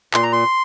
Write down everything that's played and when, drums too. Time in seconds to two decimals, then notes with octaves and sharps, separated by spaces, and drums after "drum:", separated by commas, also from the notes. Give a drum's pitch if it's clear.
0.14 A#2 C6, drum: clap
0.23 A#5
0.32 C6